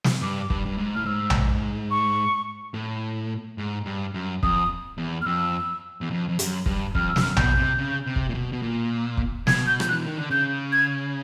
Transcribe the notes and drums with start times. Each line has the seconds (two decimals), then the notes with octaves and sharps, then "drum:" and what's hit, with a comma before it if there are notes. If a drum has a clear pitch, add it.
0.04 drum: snare
0.21 G2 D6
0.50 G2, drum: kick
0.66 G2
0.78 G#2
0.95 A2 F6
1.06 G#2 E6
1.30 drum: tom A#1
1.91 C#6
2.74 A2
3.58 G#2
3.86 G2
4.14 F#2
4.43 F2 D#6, drum: kick
4.98 E2
5.22 F6
5.26 F2 E6
6.01 E2
6.11 F2
6.29 F2
6.39 F#2, drum: hi-hat
6.66 G2, drum: kick
6.95 F2 F6, drum: kick
7.09 E6
7.16 F#2, drum: snare
7.21 F6
7.36 B2 G6, drum: tom A#1
7.57 C3
7.78 C#3
8.06 C3
8.16 drum: kick
8.29 A#2
8.34 B2
8.53 B2
8.62 A#2
9.17 drum: kick
9.47 B2 G#6, drum: snare
9.67 G6
9.80 F3, drum: rim click
9.89 F#6
9.93 E3
10.06 D#3
10.17 D3
10.30 C#3 G6
10.72 G#6